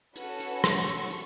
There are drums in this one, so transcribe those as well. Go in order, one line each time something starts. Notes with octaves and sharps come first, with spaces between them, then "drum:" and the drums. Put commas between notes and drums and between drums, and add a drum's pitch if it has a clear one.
C#4 F#4 A4 B4, drum: hi-hat
drum: hi-hat
C#6, drum: rim click
drum: hi-hat
drum: hi-hat